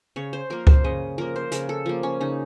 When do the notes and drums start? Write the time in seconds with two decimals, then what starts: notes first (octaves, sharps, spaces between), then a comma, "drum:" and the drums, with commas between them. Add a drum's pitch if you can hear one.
0.16 C#3 C#5
0.33 C5
0.50 F3 A#3 A#4
0.67 C5, drum: kick C#2
0.84 C#3 D#5
1.18 F3 A#3 A#4
1.36 C5
1.52 C#3 A#4, drum: hi-hat
1.69 A4
1.86 F3 A#3
2.03 C#4
2.21 C#3 D#4